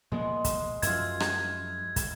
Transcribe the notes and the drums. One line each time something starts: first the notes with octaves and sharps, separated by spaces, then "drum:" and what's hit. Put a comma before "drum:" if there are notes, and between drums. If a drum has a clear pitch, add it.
A#2 F3 G#3 B3
drum: kick, hi-hat
F#2 F3 E4 F4 G#6, drum: hi-hat
drum: rim click
drum: kick, hi-hat